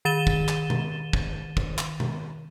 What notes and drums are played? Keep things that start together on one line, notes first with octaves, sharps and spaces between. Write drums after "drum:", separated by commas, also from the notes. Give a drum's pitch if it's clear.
D#3 A6 D#7 E7 G7
drum: kick
drum: clap
drum: tom B2
drum: kick
drum: kick
drum: clap
drum: tom B2